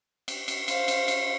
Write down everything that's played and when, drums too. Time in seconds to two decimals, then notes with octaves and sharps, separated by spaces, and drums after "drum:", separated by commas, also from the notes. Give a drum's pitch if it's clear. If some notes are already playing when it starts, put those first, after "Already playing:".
0.28 drum: cymbal
0.48 drum: cymbal
0.68 C5 F5, drum: cymbal
0.88 drum: cymbal
1.08 drum: cymbal